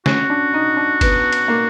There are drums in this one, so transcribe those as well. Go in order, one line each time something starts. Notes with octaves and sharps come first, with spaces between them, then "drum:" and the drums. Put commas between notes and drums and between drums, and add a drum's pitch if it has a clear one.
C#4 F#4, drum: snare
D4
D#4
D4
B3, drum: kick, cymbal
drum: cymbal
A#3